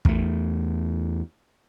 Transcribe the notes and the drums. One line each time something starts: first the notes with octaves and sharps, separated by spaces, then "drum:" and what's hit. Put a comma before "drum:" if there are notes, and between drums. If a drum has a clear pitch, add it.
E2 A3, drum: kick